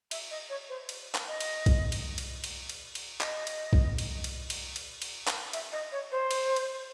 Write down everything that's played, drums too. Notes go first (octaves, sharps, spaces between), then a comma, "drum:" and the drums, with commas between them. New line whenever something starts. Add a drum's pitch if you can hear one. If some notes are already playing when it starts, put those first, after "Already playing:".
E5, drum: cymbal
D#5
C#5
C5
drum: cymbal
drum: clap
D#5
drum: cymbal
drum: kick B1, cymbal
drum: cymbal
drum: cymbal
drum: cymbal
drum: cymbal
drum: cymbal
D#5, drum: clap
drum: cymbal
drum: kick B1
drum: cymbal
drum: cymbal
drum: cymbal
drum: cymbal
drum: cymbal
drum: clap
E5, drum: cymbal
D#5
C#5
C5
drum: cymbal
drum: cymbal